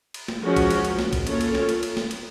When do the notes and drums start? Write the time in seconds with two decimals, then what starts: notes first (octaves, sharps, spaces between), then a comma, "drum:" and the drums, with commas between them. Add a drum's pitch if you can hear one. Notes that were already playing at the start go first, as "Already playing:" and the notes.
0.14 drum: cymbal
0.28 drum: snare
0.43 F3 G#3 C#4 F#4 A#4
0.56 drum: kick A#1, cymbal
0.71 drum: cymbal
0.85 drum: cymbal
0.99 drum: snare
1.13 drum: kick A#1, cymbal
1.27 A#3 C#4 F4 A4 C#5, drum: cymbal
1.41 drum: cymbal
1.55 drum: snare
1.69 drum: cymbal
1.83 drum: cymbal
1.97 drum: snare
2.11 drum: cymbal